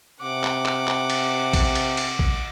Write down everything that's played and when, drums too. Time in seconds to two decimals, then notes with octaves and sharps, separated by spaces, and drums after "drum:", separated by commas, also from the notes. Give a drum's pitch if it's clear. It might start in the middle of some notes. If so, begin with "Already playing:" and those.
0.22 C3 F#5 D6
0.44 drum: clap
0.66 drum: clap
0.88 drum: clap
1.10 drum: cymbal
1.53 drum: kick A#1, cymbal
1.75 drum: cymbal
1.97 drum: cymbal
2.19 drum: kick A#1